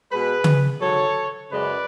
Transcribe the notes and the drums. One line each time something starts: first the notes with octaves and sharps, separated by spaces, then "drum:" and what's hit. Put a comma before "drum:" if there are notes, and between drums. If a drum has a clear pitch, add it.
B2 G#3 G#4 B4
drum: tom C#3
G#2 F#3 A4 C#5
F#2 C#3 G#3 B4 D5